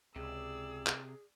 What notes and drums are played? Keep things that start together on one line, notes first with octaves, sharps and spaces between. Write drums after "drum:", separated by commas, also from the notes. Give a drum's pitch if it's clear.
C#2 C3 G#4 D5 E6
drum: clap